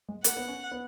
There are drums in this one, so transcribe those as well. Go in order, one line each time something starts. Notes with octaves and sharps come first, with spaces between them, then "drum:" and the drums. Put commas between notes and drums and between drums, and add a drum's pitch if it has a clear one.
G#3
A#3 F#5, drum: hi-hat
B3
C#4
B3